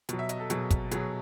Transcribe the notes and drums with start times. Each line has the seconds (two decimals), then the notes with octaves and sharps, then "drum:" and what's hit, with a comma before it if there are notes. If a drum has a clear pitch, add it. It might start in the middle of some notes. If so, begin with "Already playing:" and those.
0.09 B2 F#3, drum: hi-hat
0.19 E5
0.29 D#5, drum: hi-hat
0.40 A4
0.50 B2 F#3 G#4, drum: hi-hat
0.71 drum: kick, hi-hat
0.91 B2 F#3 G#4, drum: hi-hat